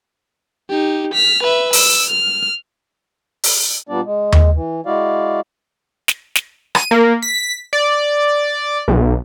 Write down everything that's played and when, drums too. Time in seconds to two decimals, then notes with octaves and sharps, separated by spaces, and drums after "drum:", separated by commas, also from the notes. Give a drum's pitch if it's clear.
0.69 D#4 G4
1.14 F6 B6
1.43 B4 E5
1.73 E6, drum: open hi-hat
2.10 F6
3.43 drum: open hi-hat
3.89 A#2 G3 B3 D4 D5
4.05 G#3
4.32 drum: tom D#2
4.55 E3
4.86 G#3 E4 F#4 D5 F5
6.08 drum: snare
6.35 drum: snare
6.75 D#7, drum: rim click
6.91 A#3
7.22 B6
7.73 D5
8.88 B1